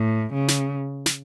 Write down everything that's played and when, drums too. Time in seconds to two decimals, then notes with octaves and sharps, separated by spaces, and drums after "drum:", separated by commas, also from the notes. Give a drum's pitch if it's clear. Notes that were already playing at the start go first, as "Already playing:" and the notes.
Already playing: A2
0.34 C#3
0.48 drum: snare
1.06 drum: snare